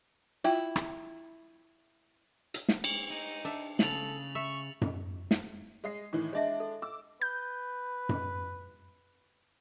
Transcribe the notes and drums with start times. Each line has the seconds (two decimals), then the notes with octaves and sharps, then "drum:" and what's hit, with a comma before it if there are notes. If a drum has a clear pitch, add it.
0.44 E4 F4 G5
0.76 drum: rim click
2.54 drum: hi-hat
2.69 drum: snare
2.84 drum: cymbal
3.10 D#4
3.44 D4 E5
3.79 C#3 A4 A6 F7 F#7, drum: snare
4.35 E5 C#6
4.81 drum: tom F#2
5.31 drum: snare
5.84 G#3 D#5 C7
6.13 A2 D#3 E3
6.33 G#3 D4 C#5 D#5 E5
6.60 A4
6.82 D6 E6
7.22 B4 G6
8.09 drum: tom F#2